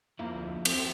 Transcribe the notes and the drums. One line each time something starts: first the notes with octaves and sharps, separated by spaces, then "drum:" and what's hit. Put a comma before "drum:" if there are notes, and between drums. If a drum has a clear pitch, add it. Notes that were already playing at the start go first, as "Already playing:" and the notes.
F2 F3 A#3 E4
D2
C4, drum: cymbal